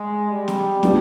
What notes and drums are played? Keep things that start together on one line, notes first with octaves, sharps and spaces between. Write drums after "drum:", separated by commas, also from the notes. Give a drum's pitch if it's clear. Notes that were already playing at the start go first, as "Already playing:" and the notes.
Already playing: G#3
G3
drum: snare
F#3 B3 D4 F4, drum: snare